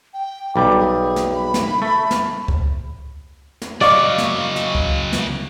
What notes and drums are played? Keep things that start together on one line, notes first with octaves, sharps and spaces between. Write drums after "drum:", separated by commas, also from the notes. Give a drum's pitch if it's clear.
G5
B1 G3 D6
G#4
drum: snare
B5
drum: snare
A3
drum: snare
drum: kick C#2
drum: snare
C#3 F#3 D5 D#5 F5 C#6
drum: snare
drum: snare
drum: kick C#2
drum: snare